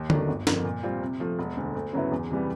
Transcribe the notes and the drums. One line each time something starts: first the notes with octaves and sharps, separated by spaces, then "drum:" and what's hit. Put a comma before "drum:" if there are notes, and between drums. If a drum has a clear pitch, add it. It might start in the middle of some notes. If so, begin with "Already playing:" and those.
Already playing: D#2
D#3 F#3 A3 D4, drum: tom D3
G1
F2 D3 F3 A#3, drum: snare
A#2
G3 C4 F4
C3
F3 A3
E1
D2 D3
D2
C#3 F#3 B3 E4
E2
C3 E3 G3 B3